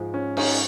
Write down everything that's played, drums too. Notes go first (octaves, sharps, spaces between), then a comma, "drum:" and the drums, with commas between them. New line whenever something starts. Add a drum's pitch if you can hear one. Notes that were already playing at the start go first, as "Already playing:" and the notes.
Already playing: G#2 F3 G#3
C#4
C#4 D#4, drum: cymbal